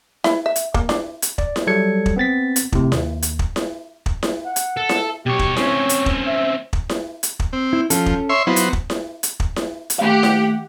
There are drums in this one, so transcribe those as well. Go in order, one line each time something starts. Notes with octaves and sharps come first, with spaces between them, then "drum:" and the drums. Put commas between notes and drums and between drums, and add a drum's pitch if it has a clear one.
E4, drum: snare E4
E5
drum: hi-hat
A#3, drum: kick
D4, drum: snare E4
drum: hi-hat
D5, drum: kick
drum: snare E4
F#3 G3 A4 G#6 C#7
drum: kick
B3 C4 A6 B6
drum: hi-hat
A2 C3, drum: kick
D#2, drum: snare E4
drum: hi-hat
drum: kick
drum: snare E4
drum: kick
drum: snare E4
F#5
drum: hi-hat
A4
drum: snare E4
B2 G4 C#5
drum: kick
C4 C#4 C#5, drum: snare E4
drum: hi-hat
drum: kick
E5
drum: kick
drum: snare E4
drum: hi-hat
drum: kick
C4
E4
F3 C#4 A4, drum: hi-hat
drum: kick
C#5 E5 C6
F#3 B3 E4 F4 C5 E5
drum: hi-hat
drum: kick
drum: snare E4
drum: hi-hat
drum: kick
drum: snare E4
drum: hi-hat
D#2 A3 G4 F5 F#5
drum: snare E4